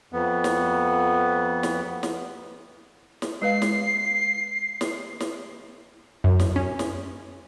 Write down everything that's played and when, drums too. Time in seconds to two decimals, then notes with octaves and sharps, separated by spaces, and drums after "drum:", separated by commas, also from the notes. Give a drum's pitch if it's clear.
0.13 F2 B3
0.44 drum: snare
1.63 drum: snare
2.03 drum: snare
3.22 drum: snare
3.42 G#3 B4 F5 C7
3.62 drum: snare
4.81 drum: snare
5.20 drum: snare
6.24 F#2
6.40 drum: snare
6.56 C#4
6.79 drum: snare